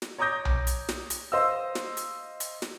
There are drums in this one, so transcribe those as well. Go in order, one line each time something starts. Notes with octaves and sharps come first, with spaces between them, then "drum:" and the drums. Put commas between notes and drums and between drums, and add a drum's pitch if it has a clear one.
drum: snare
C#5 A#5 D6 D#6 G6 A#6
drum: tom B1
drum: hi-hat
drum: snare
drum: hi-hat
C5 D#5 F5 E6
drum: snare
drum: hi-hat
drum: hi-hat
drum: snare